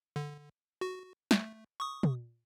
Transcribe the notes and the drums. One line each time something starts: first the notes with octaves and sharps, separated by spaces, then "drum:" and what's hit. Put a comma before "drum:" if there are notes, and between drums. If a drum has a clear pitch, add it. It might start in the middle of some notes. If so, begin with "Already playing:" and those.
D3
F#4
A3, drum: snare
C#6 D#6
drum: tom